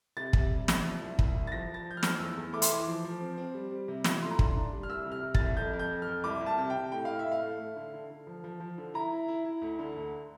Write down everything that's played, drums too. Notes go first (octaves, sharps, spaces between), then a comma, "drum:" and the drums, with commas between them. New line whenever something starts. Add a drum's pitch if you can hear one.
C3 A6
C3, drum: kick
G3
C3, drum: snare
F3
C2
C2, drum: kick
C2
A6
F3 A#6
F3
A6
F3 G6
F6
F3, drum: snare
E2 E6
E2
A3 D6
C6, drum: hi-hat
E3 D6
F3
F3
C4
C4
G3
G3
C3
F4, drum: snare
A2 C6
A#5
D4 C6, drum: kick
D4
G3
F6
C2 E6
C3 F6
C3
A6, drum: kick
C2
F2 G6
F2
G6
F2
F6
F2
C2 D6
C2
A5
C3
G5
C3
A2 G5
A2 F5
E5
A2
F5
A3
A3
D3
D3
D3
F3
F3
F3
D3
E4 A#5
E4
E4
E4
D2
D3
D2